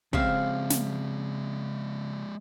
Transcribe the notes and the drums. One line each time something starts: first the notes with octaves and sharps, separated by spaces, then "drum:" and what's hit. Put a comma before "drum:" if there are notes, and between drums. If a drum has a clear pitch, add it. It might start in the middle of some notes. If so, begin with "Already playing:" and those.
C#3 F3 G#3 C4 E5 F5, drum: kick
drum: snare